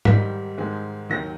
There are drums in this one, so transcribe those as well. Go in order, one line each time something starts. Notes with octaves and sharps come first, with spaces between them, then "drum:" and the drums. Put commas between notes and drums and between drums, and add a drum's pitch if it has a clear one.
G#2 D#3 G3 B6, drum: tom G#2
G#2 D#3 G#3
D#2 D#3 F#3 A#6